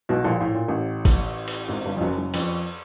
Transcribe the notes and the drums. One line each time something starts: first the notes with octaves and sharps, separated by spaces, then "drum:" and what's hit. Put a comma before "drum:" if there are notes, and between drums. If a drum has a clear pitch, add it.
B1 B2
A#1 A#2
A2
A#2
A1 A2
drum: kick G#1, cymbal
drum: cymbal
G#1 G#2
G1 G2
F2
F#1 F#2
F#1 F#2
F2, drum: cymbal